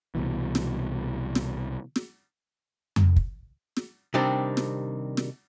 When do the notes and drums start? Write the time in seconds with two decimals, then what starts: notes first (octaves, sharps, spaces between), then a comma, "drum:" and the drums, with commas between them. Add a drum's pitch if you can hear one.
0.15 C2 B2 E3
0.55 drum: snare
1.35 drum: snare
1.96 drum: snare
2.96 drum: tom F2
3.16 drum: kick
3.77 drum: snare
4.14 C3 D#3 G3 C4 D4
4.57 drum: snare
5.17 drum: snare